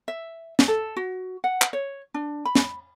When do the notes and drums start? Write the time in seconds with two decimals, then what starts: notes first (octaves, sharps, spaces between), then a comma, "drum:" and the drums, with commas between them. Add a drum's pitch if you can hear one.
0.08 E5
0.59 drum: snare
0.68 A4
0.97 F#4
1.44 F#5
1.62 drum: clap
1.73 C#5
2.14 D4
2.45 B5
2.55 drum: snare